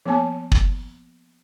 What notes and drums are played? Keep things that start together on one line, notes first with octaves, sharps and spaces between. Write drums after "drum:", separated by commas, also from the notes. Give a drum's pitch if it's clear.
F3 A#3 B3 C#5 G#5 A5
drum: kick